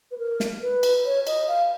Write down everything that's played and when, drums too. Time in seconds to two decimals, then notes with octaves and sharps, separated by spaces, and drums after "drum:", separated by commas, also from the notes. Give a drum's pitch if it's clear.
0.11 B4
0.18 A#4
0.40 drum: snare
0.62 B4
0.83 drum: cymbal
1.05 C#5
1.27 D#5, drum: cymbal
1.48 F5